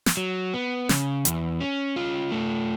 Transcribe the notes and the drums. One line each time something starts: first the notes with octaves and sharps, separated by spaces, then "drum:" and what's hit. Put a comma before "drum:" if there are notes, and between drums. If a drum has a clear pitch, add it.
drum: snare
F#3
B3
C#3, drum: snare
E2, drum: hi-hat
C#4
F4
A3